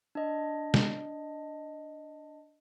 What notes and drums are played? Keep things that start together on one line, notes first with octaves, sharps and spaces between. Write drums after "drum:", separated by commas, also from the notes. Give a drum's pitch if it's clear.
D4 D#5
drum: snare